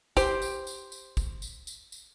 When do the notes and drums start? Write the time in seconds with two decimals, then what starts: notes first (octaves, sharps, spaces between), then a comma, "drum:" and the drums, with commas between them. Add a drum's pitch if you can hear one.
0.17 G4 C5, drum: kick, tambourine
0.42 drum: tambourine
0.67 drum: tambourine
0.92 drum: tambourine
1.17 drum: kick, tambourine
1.42 drum: tambourine
1.67 drum: tambourine
1.92 drum: tambourine